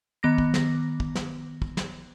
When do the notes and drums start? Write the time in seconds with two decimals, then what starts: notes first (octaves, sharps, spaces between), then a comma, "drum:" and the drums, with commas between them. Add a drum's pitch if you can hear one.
0.23 D#3 B3 D6 A#6
0.38 drum: kick
0.54 drum: snare
1.00 drum: kick
1.15 drum: snare
1.62 drum: kick
1.77 drum: snare